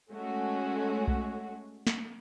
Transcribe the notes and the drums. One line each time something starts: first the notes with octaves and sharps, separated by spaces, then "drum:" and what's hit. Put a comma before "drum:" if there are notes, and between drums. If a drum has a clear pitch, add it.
G#3 A3 C#4 F#4
drum: kick B1
drum: snare